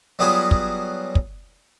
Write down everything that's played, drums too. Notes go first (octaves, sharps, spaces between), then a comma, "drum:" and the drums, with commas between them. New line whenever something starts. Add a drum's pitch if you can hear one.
F#3 G3 B3 F4 F#4 G#4
drum: kick
drum: kick